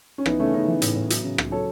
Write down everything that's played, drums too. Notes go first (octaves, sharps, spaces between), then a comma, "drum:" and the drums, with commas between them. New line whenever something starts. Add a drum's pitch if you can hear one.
C#4
E3 B3 D#4, drum: rim click
C#3 A3 C#4
C#3 B3 D#4
E3
A2, drum: hi-hat
A2
F#3, drum: hi-hat
C#3
C#3, drum: rim click
F#3 A4 C#5